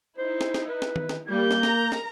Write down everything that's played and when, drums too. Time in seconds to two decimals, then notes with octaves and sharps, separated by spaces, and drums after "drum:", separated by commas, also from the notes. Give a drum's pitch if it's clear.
0.18 D#4 E4 C5
0.41 drum: snare
0.54 drum: snare
0.68 B4
0.82 drum: snare
0.96 drum: tom D#3
1.09 drum: snare
1.29 G3 A#3 A#4 G6
1.51 drum: snare
1.63 A#4 A#5, drum: snare
1.92 drum: snare